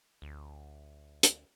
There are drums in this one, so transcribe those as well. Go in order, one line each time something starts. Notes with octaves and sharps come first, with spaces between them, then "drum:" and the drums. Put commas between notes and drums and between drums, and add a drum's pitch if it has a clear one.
D2
drum: hi-hat